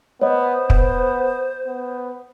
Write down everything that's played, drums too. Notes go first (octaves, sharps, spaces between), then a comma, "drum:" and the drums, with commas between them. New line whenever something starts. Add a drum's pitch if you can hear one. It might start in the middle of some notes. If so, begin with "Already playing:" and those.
B3 C5 C#5 D#5
B3, drum: kick
B3